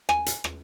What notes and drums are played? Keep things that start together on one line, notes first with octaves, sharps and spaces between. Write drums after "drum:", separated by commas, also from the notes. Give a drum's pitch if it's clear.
G#5, drum: rim click
drum: hi-hat
drum: rim click